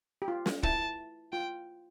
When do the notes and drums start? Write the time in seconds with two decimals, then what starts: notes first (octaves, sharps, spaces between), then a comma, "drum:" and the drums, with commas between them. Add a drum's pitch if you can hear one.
0.22 G4
0.28 F4
0.46 drum: snare
0.63 E4 A5, drum: kick
1.32 F4 G5